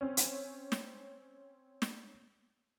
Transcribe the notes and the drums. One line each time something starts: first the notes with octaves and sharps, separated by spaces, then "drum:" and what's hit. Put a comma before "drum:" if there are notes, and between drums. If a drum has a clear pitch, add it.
C4 C#4
drum: hi-hat
drum: snare
drum: snare